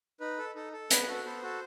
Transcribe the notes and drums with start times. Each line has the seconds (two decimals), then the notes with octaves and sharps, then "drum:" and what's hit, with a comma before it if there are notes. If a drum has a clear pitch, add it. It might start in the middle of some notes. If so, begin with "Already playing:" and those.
0.20 D#4 B4
0.38 A4
0.55 D#4 A4
0.73 A4
0.90 B3 B4, drum: hi-hat
1.08 F#4 A4
1.25 B3 A4 C5
1.42 F#4 A4